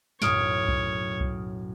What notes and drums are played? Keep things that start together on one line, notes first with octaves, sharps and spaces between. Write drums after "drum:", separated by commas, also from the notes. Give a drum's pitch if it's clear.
B1 F#2 A2 C#5 D#6 F6 D7, drum: snare
drum: kick C2
drum: kick C2